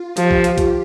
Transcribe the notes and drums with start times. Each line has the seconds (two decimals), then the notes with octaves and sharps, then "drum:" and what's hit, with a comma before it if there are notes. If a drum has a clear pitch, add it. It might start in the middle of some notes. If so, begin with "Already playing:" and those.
Already playing: F4
0.17 F3 G4, drum: hi-hat
0.31 drum: kick B1
0.44 drum: hi-hat
0.58 drum: kick B1, hi-hat